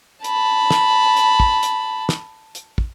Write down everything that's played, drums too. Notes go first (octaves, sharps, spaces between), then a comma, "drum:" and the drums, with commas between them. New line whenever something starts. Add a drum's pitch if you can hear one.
A5 B5, drum: hi-hat
drum: snare
drum: hi-hat
drum: kick
drum: hi-hat
drum: snare
drum: hi-hat
drum: kick